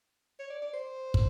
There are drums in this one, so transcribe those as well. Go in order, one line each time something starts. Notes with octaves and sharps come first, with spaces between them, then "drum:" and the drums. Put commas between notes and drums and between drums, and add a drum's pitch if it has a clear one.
C#5
D5
D5
C5
drum: kick